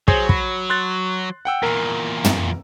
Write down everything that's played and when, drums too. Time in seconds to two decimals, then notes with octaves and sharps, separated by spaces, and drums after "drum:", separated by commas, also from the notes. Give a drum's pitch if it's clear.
0.08 F#3 G#4 C5 C#5, drum: kick
0.29 B5, drum: kick
0.70 C6 F#6 A6
1.45 F#5 G5 E6
1.63 E2 A#2 A#4 A#5
2.24 drum: tom